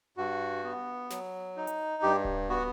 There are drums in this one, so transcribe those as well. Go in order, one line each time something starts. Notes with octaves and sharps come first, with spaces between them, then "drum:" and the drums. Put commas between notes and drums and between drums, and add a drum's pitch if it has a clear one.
G2 F#4
B3
F#3, drum: snare
D#4
drum: hi-hat
G2 G4
drum: kick D1
B3 F#4